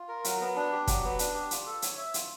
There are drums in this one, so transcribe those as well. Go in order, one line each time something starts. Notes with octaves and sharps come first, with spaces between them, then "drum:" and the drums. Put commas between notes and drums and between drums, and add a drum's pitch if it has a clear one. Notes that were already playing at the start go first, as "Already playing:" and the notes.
Already playing: F4
A#4
F#3, drum: hi-hat
B3
D4
G4
F#3, drum: kick, hi-hat
B3
D4, drum: hi-hat
G4
F4, drum: hi-hat
A4
C#5, drum: hi-hat
E5
F4, drum: hi-hat